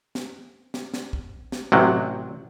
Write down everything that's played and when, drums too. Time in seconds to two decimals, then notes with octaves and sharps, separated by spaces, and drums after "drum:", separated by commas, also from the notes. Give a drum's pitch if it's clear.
0.15 drum: snare
0.74 drum: snare
0.94 drum: snare
1.13 drum: kick
1.52 drum: snare
1.72 A1 C3 F#3